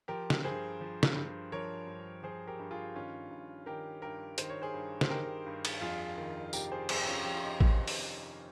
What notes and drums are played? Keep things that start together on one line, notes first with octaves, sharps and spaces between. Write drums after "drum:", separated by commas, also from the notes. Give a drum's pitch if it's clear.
F3 G4 A#4
drum: snare
G2 G#4 C5
F3
drum: snare
G2
F3 A#4 C#5
G2
F3 G#4 C5
G4 A#4
G2
F4 G#4
D#3 C#4 F4
G2
D#3 G4 A#4
G2 G4 A#4
D#3 C5, drum: hi-hat
C#5
G#4 C5
G2
C5, drum: snare
D#3 G4 A#4
G2
drum: cymbal
F2 F4 G#4
D#3
C3 G4 A#4, drum: tambourine
G#4 C5
F2 G#4 C5, drum: cymbal
G4
C#4 F4
F2 G4
F4
D#4 G4
D#3, drum: kick A1
drum: open hi-hat
C3